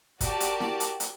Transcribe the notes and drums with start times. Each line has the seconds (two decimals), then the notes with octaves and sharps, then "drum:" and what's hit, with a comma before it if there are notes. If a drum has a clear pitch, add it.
0.21 F#4 G4 A#4 D5 A5, drum: kick, hi-hat
0.40 drum: hi-hat
0.60 drum: snare E4
0.80 drum: hi-hat
1.00 drum: hi-hat